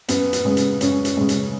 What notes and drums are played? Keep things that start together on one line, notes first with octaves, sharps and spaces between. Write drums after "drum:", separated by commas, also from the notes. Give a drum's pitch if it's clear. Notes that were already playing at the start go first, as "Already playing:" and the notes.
F#2 B3, drum: hi-hat
drum: hi-hat
C#3 G#3
drum: hi-hat
F#2 C#4, drum: hi-hat
drum: hi-hat
C#3 G#3
drum: hi-hat